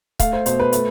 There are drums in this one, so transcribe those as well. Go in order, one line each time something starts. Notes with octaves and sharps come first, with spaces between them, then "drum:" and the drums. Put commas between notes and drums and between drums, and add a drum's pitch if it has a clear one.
A3 F5, drum: kick C#1, hi-hat
C5
B2 C5, drum: hi-hat
B4
A3, drum: hi-hat